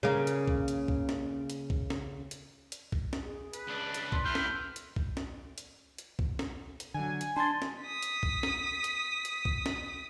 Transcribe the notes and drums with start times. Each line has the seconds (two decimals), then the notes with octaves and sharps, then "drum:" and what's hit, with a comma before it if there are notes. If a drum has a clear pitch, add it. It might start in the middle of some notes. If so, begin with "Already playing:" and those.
0.03 C#3 A#3
0.27 drum: hi-hat
0.48 drum: kick
0.68 drum: hi-hat
0.88 drum: kick
1.09 drum: snare
1.50 drum: hi-hat
1.70 drum: kick
1.90 drum: snare
2.31 drum: hi-hat
2.72 drum: hi-hat
2.92 drum: kick
3.13 drum: snare
3.22 G#4
3.53 B4, drum: hi-hat
3.68 C#2 D4
3.94 drum: hi-hat
4.12 C6, drum: kick
4.25 A2 F6 G6
4.35 drum: snare
4.76 drum: hi-hat
4.96 drum: kick
5.17 drum: snare
5.58 drum: hi-hat
5.98 drum: hi-hat
6.19 drum: kick
6.39 drum: snare
6.80 drum: hi-hat
6.94 D3 F#3 G#5
7.21 drum: hi-hat
7.36 D4 A5 C6 A6
7.62 drum: snare
7.82 D#6 B6
8.02 drum: hi-hat
8.23 drum: kick
8.43 drum: snare
8.84 drum: hi-hat
9.25 drum: hi-hat
9.45 drum: kick
9.66 drum: snare